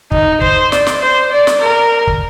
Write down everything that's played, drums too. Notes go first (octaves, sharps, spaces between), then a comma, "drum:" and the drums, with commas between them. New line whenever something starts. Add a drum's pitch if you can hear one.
D#4, drum: kick
C5, drum: kick
D5, drum: snare
drum: snare
C5
D5
drum: snare
A#4
drum: kick